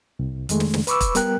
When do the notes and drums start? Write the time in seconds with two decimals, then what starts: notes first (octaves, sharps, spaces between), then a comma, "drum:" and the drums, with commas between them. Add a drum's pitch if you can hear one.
0.19 C2
0.49 F2 D#3 G#3 A3, drum: hi-hat
0.60 drum: snare
0.74 drum: snare
0.87 B4 B5 C#6 D6 E6, drum: hi-hat
1.01 drum: kick, hi-hat
1.15 G3 B3 A#4 G5 F#6, drum: hi-hat